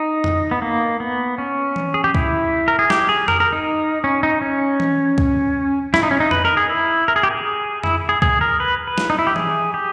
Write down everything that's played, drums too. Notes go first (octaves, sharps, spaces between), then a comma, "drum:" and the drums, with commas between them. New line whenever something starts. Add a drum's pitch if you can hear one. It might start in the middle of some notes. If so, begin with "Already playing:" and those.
Already playing: D#4
drum: tom F2
B3
A#3
B3
C#4
drum: tom E3
G#4
G4
E4, drum: kick
A#4
G#4
G4, drum: snare
G#4
A#4, drum: tom F2
A#4
D#4
C#4
D#4
C#4
drum: tom E3
drum: kick
E4, drum: snare
D#4
C#4
D#4
B4, drum: tom F2
A#4
G#4
E4
A#4
G#4
G4
G#4
E4, drum: tom F2
G#4
G#4, drum: kick
A#4
B4
B4
drum: snare
D#4
E4
G4
G#4, drum: tom E3
G4